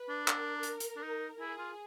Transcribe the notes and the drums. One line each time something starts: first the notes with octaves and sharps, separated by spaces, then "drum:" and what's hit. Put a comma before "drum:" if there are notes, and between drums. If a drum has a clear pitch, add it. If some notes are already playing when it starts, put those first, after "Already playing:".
Already playing: B4
D4
A#4, drum: clap
drum: hi-hat
drum: hi-hat
D4
D#4
E4 G#4
F4